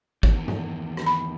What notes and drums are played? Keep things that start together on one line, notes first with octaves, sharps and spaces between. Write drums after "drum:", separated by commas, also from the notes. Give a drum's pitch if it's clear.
E2 D#3, drum: kick
drum: tom G2
drum: rim click
B5